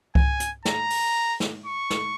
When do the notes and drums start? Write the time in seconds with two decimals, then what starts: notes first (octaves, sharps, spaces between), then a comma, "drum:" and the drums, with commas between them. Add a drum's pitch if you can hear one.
0.15 G#5, drum: kick C2
0.40 drum: hi-hat
0.65 A#5, drum: snare
0.90 drum: open hi-hat
1.40 drum: snare
1.66 C#6
1.90 drum: snare